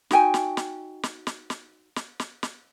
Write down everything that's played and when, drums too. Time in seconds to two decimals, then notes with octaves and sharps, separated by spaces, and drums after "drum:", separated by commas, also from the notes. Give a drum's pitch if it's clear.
0.11 D#4 F#4 G5 G#5, drum: snare
0.34 drum: snare
0.57 drum: snare
1.03 drum: snare
1.27 drum: snare
1.50 drum: snare
1.96 drum: snare
2.20 drum: snare
2.43 drum: snare